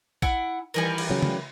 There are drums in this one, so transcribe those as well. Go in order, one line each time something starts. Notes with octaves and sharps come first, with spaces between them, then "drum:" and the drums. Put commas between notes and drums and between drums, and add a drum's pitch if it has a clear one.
E4 F#5 G#5, drum: kick A#1
D#3 E3 G3 A#4 B4 G#5
drum: cymbal
C#3 F#3
drum: tom C#3